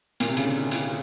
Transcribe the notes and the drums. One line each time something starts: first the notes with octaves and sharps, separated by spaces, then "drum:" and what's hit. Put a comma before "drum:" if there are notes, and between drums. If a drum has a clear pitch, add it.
A#2, drum: hi-hat
C3
C#3, drum: hi-hat
D3
drum: hi-hat